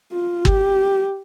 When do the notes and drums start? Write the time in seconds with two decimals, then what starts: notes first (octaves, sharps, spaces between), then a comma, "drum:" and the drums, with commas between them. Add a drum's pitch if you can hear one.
0.12 F4
0.45 G4, drum: kick G1